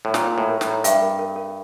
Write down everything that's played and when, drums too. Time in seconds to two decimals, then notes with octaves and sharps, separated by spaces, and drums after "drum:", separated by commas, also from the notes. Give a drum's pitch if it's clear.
0.05 A2
0.14 A#2 A#4, drum: snare
0.32 A#5
0.38 A2
0.49 A#4
0.61 A2, drum: snare
0.67 A#5
0.84 G2 E5, drum: hi-hat
1.02 A#4
1.19 A#4
1.36 A#4